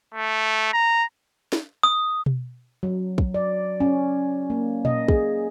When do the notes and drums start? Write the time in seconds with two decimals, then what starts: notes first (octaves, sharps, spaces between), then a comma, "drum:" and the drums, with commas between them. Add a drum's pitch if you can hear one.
0.14 A3
0.73 A#5
1.53 drum: snare
1.83 D#6
2.26 drum: tom B2
2.83 F#3
3.18 drum: kick
3.34 D5
3.80 C#4
4.50 A#3
4.85 D#5, drum: tom A#2
5.08 G#4, drum: kick